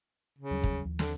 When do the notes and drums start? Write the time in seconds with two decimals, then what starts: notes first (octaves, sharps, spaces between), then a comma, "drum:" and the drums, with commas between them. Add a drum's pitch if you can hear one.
0.39 C#3
0.51 D#2 F#3 G3
0.64 drum: kick
0.85 D#2 F3
0.99 D3, drum: snare